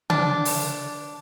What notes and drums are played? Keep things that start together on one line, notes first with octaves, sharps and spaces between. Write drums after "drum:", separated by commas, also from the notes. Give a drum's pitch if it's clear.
D4, drum: tom C#3
drum: open hi-hat